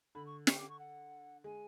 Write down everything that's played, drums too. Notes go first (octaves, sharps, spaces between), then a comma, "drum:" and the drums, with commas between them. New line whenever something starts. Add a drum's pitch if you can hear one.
D3 B5
C#6
C#6, drum: snare
D6
C#6
F#5
G#3 G#5